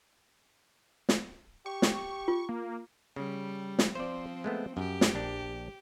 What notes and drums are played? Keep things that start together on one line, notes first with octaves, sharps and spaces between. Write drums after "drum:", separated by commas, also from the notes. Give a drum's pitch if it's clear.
drum: snare
G4 C#6
drum: snare
F4
A#3
C#3 G3
drum: snare
F3 C4 C5 D5
G#3 A3 B3
F#2 G4
drum: snare
A#1 D4